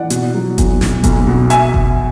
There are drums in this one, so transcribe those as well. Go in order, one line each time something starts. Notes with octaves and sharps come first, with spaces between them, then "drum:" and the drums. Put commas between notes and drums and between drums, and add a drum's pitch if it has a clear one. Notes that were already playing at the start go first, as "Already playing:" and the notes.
Already playing: E3 D5 F#5
B2, drum: hi-hat
F#3
B1, drum: kick F#1, hi-hat
B1, drum: snare
B1, drum: kick F#1, hi-hat
B2
E5 G#5, drum: hi-hat
drum: kick F#1